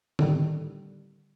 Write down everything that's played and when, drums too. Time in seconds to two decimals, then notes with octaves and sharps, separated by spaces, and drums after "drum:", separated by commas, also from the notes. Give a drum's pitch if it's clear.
0.19 A2 D3 D#3 G3, drum: tom D3